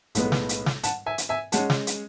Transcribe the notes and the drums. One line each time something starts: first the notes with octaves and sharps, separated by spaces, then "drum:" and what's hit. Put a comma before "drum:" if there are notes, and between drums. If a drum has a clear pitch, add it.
B1 A2 G#3 B3, drum: hi-hat
drum: snare
drum: hi-hat
drum: snare
F#5 A5, drum: hi-hat
E5 G#5
drum: hi-hat
E5 G#5
G#3 C#4 F#5 A5, drum: hi-hat
drum: snare
drum: hi-hat